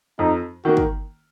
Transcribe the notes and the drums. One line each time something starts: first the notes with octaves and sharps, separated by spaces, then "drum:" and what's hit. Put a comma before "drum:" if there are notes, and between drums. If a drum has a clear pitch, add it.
F2 D#4
D#3 A#3 F#4
drum: kick